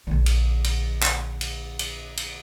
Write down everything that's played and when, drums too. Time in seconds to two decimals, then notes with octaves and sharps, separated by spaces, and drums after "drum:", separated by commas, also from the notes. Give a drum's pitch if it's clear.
0.07 A#1 D3
0.26 drum: cymbal
0.64 drum: cymbal
1.03 drum: clap
1.41 drum: cymbal
1.79 drum: cymbal
2.17 drum: cymbal